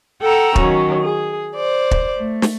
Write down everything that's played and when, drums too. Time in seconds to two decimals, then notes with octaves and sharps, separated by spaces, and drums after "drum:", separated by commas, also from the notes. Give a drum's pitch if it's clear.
0.21 A4 F#5 G5 A#5 E6
0.56 D#3 F#3 C#4, drum: kick
1.02 G#4
1.54 C5 D5
1.91 drum: kick
2.16 A3
2.42 drum: snare